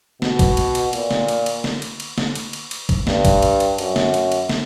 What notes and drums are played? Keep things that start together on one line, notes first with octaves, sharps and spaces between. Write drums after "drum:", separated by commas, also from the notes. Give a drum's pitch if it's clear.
B2, drum: snare
drum: kick, cymbal
drum: cymbal
drum: cymbal
A#2, drum: cymbal
drum: snare
drum: cymbal
drum: cymbal
drum: snare
drum: cymbal
drum: cymbal
drum: snare
drum: cymbal
drum: cymbal
drum: cymbal
drum: kick, cymbal
G2, drum: snare
drum: kick, cymbal
drum: cymbal
drum: cymbal
F#2, drum: cymbal
drum: snare
drum: cymbal
drum: cymbal
drum: snare